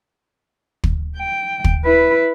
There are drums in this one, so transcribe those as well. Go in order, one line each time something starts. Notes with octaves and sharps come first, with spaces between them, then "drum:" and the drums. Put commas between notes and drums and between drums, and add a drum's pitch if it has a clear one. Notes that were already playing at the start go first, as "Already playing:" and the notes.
drum: kick
G5
drum: kick
E4 B4